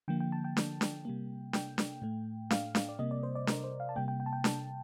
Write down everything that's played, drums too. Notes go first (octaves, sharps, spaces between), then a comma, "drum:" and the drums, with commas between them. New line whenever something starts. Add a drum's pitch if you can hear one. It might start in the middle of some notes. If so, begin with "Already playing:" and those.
D3 F3 A#3 G5
G5
A5
G5
drum: snare D4
drum: snare D4
C3 G3 A#3
G5, drum: snare D4
drum: snare D4
A2 A3
F5, drum: snare D4
F5, drum: snare D4
D5
C3 G3 A#3 D#5
D5
C5
D5
A#4, drum: snare D4
C5
F5
A5
C3 G3 A#3 G5
G5
G5
A5
G5
A5, drum: snare D4